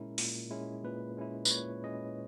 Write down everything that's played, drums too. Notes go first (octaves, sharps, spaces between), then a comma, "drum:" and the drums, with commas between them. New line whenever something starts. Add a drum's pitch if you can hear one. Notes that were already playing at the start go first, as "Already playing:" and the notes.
Already playing: A#2 G#3 C#4 E4 A#4
A#2, drum: open hi-hat
G#3 C#4 E4
A#2 B4
G#3 C#4 E4
B4, drum: tambourine
A#2 C#5
G#3 C#4 E4 D#5